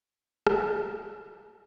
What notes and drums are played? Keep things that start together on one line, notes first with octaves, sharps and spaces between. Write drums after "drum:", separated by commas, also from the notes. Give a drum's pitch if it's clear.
D#3 F#3 A3 B3 D4 D#4
drum: rim click